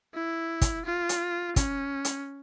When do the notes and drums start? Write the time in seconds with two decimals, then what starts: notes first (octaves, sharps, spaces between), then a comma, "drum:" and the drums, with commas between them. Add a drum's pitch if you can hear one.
0.14 E4
0.61 drum: kick, hi-hat
0.85 F4
1.09 drum: hi-hat
1.56 C#4, drum: kick, hi-hat
2.05 drum: hi-hat